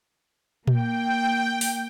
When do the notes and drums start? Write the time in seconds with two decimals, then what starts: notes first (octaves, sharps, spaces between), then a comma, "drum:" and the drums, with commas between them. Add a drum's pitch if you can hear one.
0.68 A#3 G5, drum: tom A#2
1.61 drum: open hi-hat